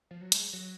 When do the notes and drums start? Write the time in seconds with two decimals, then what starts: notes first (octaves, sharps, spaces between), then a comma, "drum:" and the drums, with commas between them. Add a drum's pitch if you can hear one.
0.11 F3
0.21 F#3
0.32 G#3, drum: hi-hat
0.53 F#3